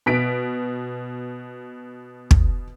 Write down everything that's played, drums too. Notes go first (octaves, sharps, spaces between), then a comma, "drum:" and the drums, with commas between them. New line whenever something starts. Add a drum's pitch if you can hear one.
B2 B6 D7
drum: kick